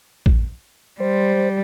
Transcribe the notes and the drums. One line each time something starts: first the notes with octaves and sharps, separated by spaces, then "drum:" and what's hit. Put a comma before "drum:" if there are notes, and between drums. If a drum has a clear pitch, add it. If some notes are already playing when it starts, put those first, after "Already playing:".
drum: kick
G3 C5